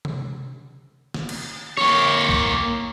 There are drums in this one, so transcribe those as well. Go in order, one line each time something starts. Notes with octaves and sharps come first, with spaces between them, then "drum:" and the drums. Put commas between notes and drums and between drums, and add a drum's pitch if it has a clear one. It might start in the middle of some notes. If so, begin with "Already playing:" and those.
drum: tom C3
drum: snare
drum: cymbal
A#3 C#5, drum: rim click
drum: kick